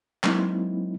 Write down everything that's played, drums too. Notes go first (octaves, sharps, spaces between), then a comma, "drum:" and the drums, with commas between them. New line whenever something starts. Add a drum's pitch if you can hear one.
F#3 G#3 A#3 C4 D#4 E4, drum: clap